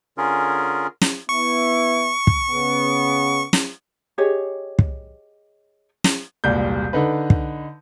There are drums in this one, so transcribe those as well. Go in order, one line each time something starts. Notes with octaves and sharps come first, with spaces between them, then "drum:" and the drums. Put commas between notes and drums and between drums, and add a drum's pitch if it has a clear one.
D3 C#4 F4 G#4 A#4
drum: snare
B3 E4 C#6
drum: kick
C#3 B3
drum: snare
G4 G#4 C#5 D#5
drum: kick
drum: snare
E1 C2 A#2 G3 G6
D3 D#4 B4
drum: kick